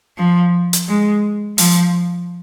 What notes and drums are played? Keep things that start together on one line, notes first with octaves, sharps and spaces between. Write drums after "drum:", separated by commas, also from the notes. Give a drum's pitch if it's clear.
F3
drum: hi-hat
G#3
F3, drum: open hi-hat